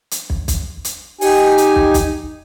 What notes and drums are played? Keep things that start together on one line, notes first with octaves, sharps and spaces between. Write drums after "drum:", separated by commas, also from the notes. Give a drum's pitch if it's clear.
drum: hi-hat
drum: kick
drum: kick, hi-hat
drum: hi-hat
D#4 G4 G#5, drum: open hi-hat
drum: hi-hat
drum: kick
drum: kick, hi-hat